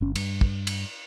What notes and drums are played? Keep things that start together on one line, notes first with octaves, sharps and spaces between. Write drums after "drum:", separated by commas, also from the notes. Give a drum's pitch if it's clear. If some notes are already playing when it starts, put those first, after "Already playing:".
G1 C#4
G2, drum: cymbal
drum: kick
drum: cymbal